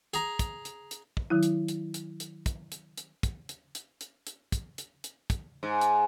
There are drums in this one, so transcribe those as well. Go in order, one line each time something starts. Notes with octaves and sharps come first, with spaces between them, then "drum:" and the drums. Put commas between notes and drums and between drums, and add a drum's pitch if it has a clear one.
G#4 A#5, drum: hi-hat
drum: kick, hi-hat
drum: hi-hat
drum: hi-hat
drum: kick
D#3 F#3 E4
drum: hi-hat
drum: hi-hat
drum: hi-hat
drum: hi-hat
drum: kick, hi-hat
drum: hi-hat
drum: hi-hat
drum: kick, hi-hat
drum: hi-hat
drum: hi-hat
drum: hi-hat
drum: hi-hat
drum: kick, hi-hat
drum: hi-hat
drum: hi-hat
drum: kick, hi-hat
G#2
drum: hi-hat